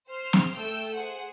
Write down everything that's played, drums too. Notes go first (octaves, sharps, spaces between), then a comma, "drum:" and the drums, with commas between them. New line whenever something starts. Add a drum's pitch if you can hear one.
C5 C6 F6
drum: snare
A3 G5 E6 G6
G#4 C5 F#5